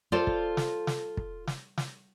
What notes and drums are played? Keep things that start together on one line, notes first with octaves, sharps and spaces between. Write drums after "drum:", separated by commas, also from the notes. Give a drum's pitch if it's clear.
F4 A4 C5 D5
drum: kick
drum: snare
drum: snare
drum: kick
drum: snare
drum: snare